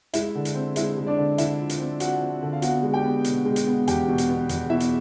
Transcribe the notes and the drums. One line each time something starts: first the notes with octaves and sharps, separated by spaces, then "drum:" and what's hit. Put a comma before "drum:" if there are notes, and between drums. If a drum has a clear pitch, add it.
G#3 E4 E5, drum: hi-hat
D3
drum: hi-hat
C4
G#3 E4 E5, drum: hi-hat
G#3
D4 D5
D3
D3 E4 E5, drum: hi-hat
F3
drum: hi-hat
C4
F3 F#4 F#5, drum: hi-hat
C4
D3
F5
B3 F#4 F#5, drum: hi-hat
G#3
G4 G5
B3
B2, drum: hi-hat
G#3
drum: hi-hat
B3
E2 G4 G5, drum: hi-hat
B2
drum: hi-hat
B3
E2, drum: hi-hat
B2 E4 E5
drum: hi-hat